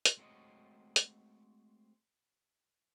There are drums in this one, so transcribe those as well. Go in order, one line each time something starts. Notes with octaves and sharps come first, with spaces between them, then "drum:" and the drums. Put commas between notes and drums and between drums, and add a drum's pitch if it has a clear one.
drum: hi-hat
G#3 A3 C4 F#4 C#5 D#5
drum: hi-hat